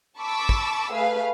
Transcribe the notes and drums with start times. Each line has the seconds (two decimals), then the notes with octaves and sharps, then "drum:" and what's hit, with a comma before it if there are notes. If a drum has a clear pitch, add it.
0.19 A5 B5 C#6 D6 E6
0.49 drum: kick
0.93 A3 G#4 B4 F5